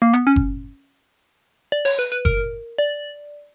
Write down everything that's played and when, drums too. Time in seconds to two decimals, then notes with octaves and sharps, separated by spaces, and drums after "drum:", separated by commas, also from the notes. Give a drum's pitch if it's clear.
0.02 A#3
0.13 B3, drum: hi-hat
0.27 C#4
0.36 drum: kick F#1
1.72 D5
1.85 C#5, drum: open hi-hat
1.99 B4
2.12 B4
2.25 A#4, drum: kick F#1
2.78 D5